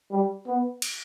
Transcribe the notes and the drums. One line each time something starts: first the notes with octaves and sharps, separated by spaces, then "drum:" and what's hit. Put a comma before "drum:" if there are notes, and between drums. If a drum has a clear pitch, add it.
G3
B3
drum: cymbal